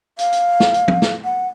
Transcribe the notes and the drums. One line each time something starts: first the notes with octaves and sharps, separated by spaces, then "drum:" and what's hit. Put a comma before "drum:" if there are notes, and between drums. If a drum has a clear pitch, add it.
F5, drum: hi-hat
drum: hi-hat
drum: snare
drum: hi-hat
drum: tom
drum: snare
F#5